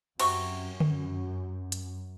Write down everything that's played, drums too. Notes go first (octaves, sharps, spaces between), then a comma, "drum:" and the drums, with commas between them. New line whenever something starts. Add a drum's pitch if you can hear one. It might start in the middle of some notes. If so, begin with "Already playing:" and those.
F#2 C3 F#4 C#6, drum: cymbal
drum: tom D3
drum: hi-hat